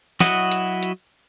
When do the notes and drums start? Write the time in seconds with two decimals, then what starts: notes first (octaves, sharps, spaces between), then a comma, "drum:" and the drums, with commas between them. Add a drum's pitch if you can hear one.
0.20 F#3 E4 F#4 D#5 F#5, drum: snare
0.52 drum: hi-hat
0.83 drum: hi-hat